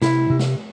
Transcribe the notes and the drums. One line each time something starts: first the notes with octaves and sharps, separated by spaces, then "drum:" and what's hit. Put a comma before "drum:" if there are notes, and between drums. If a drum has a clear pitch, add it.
C3 E4, drum: snare
C3
drum: snare